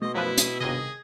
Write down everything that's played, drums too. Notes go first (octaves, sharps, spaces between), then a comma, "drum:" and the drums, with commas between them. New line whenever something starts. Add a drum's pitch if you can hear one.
B2 A3 F#4 D#5 C6
F#2 F3 E4 B4
D#6, drum: hi-hat
G1 D#2 C3 G#4 D#5